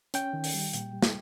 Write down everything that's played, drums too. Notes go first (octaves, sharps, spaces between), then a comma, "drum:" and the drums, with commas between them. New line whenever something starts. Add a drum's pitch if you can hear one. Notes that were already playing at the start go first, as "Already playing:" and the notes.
C#4 G5, drum: hi-hat
D#3
drum: open hi-hat
G3
A#2, drum: hi-hat
G3
drum: snare